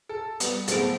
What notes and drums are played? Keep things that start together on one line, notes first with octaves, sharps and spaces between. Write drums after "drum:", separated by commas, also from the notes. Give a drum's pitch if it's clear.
A4
G3 B3, drum: hi-hat
A2 D3 F#3 B3 C4 G#4, drum: hi-hat